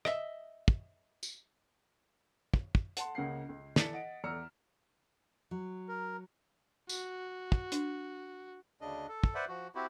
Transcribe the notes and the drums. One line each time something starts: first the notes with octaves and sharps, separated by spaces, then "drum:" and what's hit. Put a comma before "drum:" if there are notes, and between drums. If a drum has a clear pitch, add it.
D#5 E5, drum: rim click
drum: kick
drum: tambourine
drum: kick
drum: kick
F#5 A5 C6, drum: hi-hat
C#2 C#3 A#3 F#5 C7
C#2
E3 A4 D5 A6 B6 C#7, drum: snare
D#5 F#5 D7
E2 D5 A#5 E6 F6 C#7
F#3
A#4
F#4, drum: tambourine
drum: kick
D4, drum: hi-hat
D2 C#3 D4 D#5
A4
drum: kick
B4 C5 D5 E5 F#5
F3 F#4
C4 E4 F#4 G4